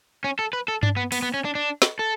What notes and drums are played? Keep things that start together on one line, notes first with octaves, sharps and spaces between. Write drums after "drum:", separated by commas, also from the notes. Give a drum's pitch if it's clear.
C#4
A4
B4
A4
D4, drum: tom G2
B3
B3, drum: open hi-hat
B3
C#4
D4
D4
drum: snare
A4